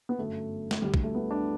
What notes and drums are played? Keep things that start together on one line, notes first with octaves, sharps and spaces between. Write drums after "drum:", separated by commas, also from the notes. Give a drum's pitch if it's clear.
B3
G1 F#2 F#3 A3
drum: snare
D2 D3 G3
G3, drum: kick
A3
B3
D4